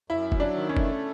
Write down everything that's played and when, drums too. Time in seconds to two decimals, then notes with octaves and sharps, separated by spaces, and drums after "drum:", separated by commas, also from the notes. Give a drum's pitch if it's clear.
0.10 F#2 E4
0.32 F#3, drum: kick G1
0.40 D4
0.54 D#3
0.69 C#4
0.77 A3, drum: kick G1